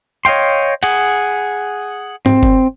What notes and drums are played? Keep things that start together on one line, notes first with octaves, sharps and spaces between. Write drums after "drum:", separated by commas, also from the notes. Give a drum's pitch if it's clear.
C#5 D#5 F5 G5 C6
G#4 F#5, drum: cymbal
C4, drum: tom G#2
drum: kick F#1